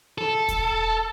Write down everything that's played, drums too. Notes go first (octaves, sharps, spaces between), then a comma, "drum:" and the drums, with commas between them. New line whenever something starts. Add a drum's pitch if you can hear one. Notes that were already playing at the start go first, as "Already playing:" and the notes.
A4
drum: kick E1, hi-hat